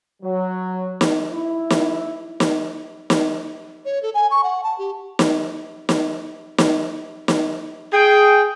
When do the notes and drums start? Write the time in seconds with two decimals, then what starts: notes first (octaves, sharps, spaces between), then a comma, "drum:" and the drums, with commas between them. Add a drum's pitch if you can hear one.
0.23 F#3
1.01 drum: snare
1.31 E4
1.70 drum: snare
2.40 drum: snare
3.10 drum: snare
3.85 C#5
4.03 A4
4.14 G#5
4.31 C#6
4.44 F#5
4.63 A5
4.78 G4
5.19 drum: snare
5.89 drum: snare
6.58 drum: snare
7.28 drum: snare
7.93 G#4 G5